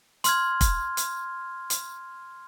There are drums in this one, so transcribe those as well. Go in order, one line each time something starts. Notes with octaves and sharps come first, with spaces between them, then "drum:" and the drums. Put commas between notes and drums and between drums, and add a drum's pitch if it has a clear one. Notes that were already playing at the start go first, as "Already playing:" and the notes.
C6 F6 G#6, drum: hi-hat
drum: kick, hi-hat
drum: hi-hat
drum: hi-hat